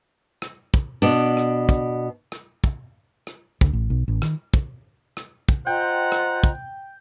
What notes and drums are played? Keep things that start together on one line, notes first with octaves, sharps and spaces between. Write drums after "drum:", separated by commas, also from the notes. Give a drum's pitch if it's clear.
drum: rim click
drum: kick
B2 D4
drum: rim click
drum: kick
drum: rim click
drum: kick
drum: rim click
D2, drum: kick
A1
B1
A1
D#3, drum: rim click
drum: kick
drum: rim click
drum: kick
F4 C5 D#5 F#5 G5 A#5
drum: rim click
drum: kick